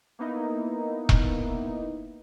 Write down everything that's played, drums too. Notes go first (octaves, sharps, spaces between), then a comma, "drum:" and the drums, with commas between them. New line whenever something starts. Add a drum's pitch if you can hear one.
A#3 B3 D#4 E4
drum: kick E1